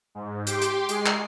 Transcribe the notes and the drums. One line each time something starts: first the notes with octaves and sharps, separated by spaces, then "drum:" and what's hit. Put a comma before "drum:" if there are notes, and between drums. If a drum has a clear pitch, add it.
G#2
G4 G5 C6 D6, drum: hi-hat
drum: hi-hat
G#3 G#4 C7, drum: hi-hat
drum: clap